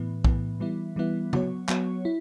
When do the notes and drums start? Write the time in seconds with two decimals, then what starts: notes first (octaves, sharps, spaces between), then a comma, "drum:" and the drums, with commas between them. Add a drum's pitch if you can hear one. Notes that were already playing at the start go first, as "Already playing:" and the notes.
Already playing: A2 E3 B3
0.24 A2 E3 B3, drum: kick B1
0.60 E3 G3 B3 E4
0.96 E3 G3 B3 E4
1.33 F#3 B3 F#4 C#5, drum: tom C#3
1.69 F#3 B3 F#4 C#5, drum: clap
2.05 E4